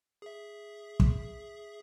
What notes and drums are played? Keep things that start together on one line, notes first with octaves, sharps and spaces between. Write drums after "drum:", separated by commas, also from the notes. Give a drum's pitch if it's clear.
G#4 E5
drum: kick